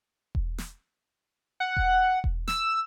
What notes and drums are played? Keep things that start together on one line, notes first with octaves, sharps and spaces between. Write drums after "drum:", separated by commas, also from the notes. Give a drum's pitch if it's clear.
drum: kick E1
drum: snare
F#5
drum: kick E1
drum: kick E1
E6, drum: snare